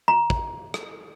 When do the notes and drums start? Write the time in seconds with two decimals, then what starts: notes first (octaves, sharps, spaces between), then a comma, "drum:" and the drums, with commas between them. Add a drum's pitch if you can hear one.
0.08 A#5
0.30 drum: kick
0.74 drum: rim click